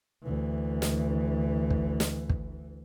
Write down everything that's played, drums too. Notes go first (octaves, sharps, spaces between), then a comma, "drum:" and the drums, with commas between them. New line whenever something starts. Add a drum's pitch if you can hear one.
D2 E3
drum: snare
drum: kick
drum: snare
drum: kick